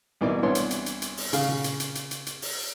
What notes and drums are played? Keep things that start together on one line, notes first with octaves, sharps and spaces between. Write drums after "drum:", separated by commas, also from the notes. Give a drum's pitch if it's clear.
C2 B2 E3 A#3 D5
C2 E3 B3 D4 C#5 C6
drum: hi-hat
drum: hi-hat
drum: hi-hat
drum: hi-hat
drum: open hi-hat
C#3 F5, drum: hi-hat
drum: tom A#2
drum: hi-hat
drum: hi-hat
drum: hi-hat
drum: hi-hat
drum: hi-hat
drum: open hi-hat